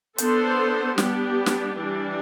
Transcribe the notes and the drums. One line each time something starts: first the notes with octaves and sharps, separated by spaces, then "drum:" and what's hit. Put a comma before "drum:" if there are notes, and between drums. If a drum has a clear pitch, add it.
B3 D4 A4 C5, drum: hi-hat
G3 B3 D4 G4, drum: snare
drum: snare
E3 G3 D4